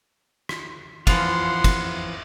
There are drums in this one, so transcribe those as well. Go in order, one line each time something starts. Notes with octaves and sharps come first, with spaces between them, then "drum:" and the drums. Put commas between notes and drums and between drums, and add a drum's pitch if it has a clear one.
drum: rim click
E3 F3 F4 F#5 C6, drum: kick, cymbal
drum: kick, cymbal